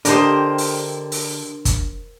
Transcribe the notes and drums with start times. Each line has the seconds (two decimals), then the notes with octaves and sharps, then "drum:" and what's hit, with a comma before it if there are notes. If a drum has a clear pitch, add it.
0.05 D3 D4 G4 A#4 C5 D#5, drum: hi-hat
0.58 drum: open hi-hat
1.12 drum: open hi-hat
1.65 drum: kick, hi-hat